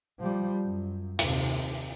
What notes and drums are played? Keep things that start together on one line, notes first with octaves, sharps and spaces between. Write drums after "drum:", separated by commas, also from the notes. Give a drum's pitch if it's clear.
F3 G3
F#2
D#2 C3, drum: hi-hat